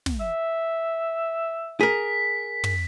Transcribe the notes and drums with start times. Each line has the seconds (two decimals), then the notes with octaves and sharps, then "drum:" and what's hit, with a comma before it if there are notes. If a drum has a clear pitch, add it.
0.06 drum: snare
0.21 E5
1.81 G#4 A#4 B6
2.64 drum: tom